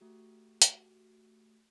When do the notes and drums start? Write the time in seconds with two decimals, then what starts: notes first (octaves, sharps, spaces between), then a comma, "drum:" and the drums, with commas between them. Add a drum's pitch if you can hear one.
0.01 A3 F#4 G4
0.62 drum: hi-hat